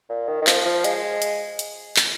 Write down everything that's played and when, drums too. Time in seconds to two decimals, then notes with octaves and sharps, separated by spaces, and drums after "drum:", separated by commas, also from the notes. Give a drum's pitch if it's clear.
0.10 A#2
0.28 D#3
0.42 D#3
0.47 F3, drum: clap
0.66 F3
0.84 G#3, drum: hi-hat
1.22 drum: hi-hat
1.59 drum: hi-hat
1.96 drum: clap